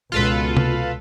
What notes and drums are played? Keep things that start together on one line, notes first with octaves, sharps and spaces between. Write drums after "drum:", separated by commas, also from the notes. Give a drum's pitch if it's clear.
C#2 B2 F4 A4 B4
drum: tom C3